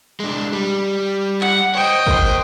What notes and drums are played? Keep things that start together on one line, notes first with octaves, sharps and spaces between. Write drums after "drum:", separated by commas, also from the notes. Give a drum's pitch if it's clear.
G#3 D4
G3
F#5, drum: clap
C5 C#5 D#5 G5
A#4 C5, drum: kick